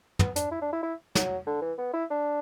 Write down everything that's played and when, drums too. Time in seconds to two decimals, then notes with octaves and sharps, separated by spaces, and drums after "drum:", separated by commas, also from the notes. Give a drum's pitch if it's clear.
0.19 B3, drum: tom
0.36 D4, drum: hi-hat
0.52 E4
0.62 D4
0.73 E4
0.83 E4
1.15 F#3, drum: snare
1.47 D3
1.62 E3
1.78 B3
1.93 E4
2.10 D4